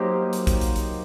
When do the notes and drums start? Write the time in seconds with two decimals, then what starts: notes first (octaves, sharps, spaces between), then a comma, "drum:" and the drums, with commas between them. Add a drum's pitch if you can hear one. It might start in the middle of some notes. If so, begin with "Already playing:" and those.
Already playing: F#3 A#3 D#4 G4 C5
0.33 drum: hi-hat
0.47 drum: kick A#1, hi-hat
0.61 drum: hi-hat
0.76 drum: hi-hat